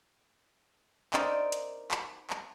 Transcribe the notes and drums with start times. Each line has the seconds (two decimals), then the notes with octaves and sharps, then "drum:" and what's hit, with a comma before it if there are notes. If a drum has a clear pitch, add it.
1.13 D#4 A#4 C5 D5 E5, drum: clap
1.52 drum: hi-hat
1.91 drum: clap
2.30 drum: clap